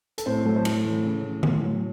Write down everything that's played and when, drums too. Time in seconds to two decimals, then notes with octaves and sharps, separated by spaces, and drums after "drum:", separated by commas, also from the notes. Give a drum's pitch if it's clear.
0.18 A4, drum: hi-hat
0.26 A2 C4 C5
0.45 F#3 A3 A4
0.56 C5
0.65 A2 A3 A4, drum: cymbal
0.84 E3
1.04 C#3
1.23 E3
1.43 A2, drum: tom D3
1.63 F#3